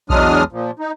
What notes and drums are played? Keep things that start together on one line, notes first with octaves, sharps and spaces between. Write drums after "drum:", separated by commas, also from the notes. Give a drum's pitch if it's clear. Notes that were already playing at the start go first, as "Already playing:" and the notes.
E2 F#3 G#3 D4 D#6 F6, drum: kick A#1
A#2 F3
D#4